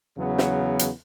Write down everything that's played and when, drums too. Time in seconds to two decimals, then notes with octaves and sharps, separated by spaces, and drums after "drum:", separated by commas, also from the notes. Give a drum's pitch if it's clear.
0.18 E2 C#3 F#3 B3
0.38 drum: snare
0.79 drum: hi-hat